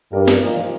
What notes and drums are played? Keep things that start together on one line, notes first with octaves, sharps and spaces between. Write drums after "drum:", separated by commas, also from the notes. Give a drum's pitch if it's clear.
G2 A#4
F3, drum: snare
A#2 D#4
F3